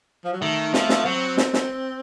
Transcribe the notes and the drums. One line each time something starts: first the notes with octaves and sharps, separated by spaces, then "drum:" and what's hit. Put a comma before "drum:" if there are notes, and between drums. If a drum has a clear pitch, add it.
F3
F#3
D#3 A3
F3, drum: snare
drum: snare
F#3 C4
drum: snare
drum: snare